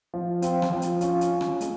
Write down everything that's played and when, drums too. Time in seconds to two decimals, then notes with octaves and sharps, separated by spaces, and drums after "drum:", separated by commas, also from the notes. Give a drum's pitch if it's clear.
0.14 F3
0.42 C4 F4, drum: hi-hat
0.62 drum: rim click
0.72 F3
0.82 drum: hi-hat
1.01 C#4 F4, drum: hi-hat
1.21 drum: hi-hat
1.30 F4
1.41 drum: rim click
1.61 G#3, drum: hi-hat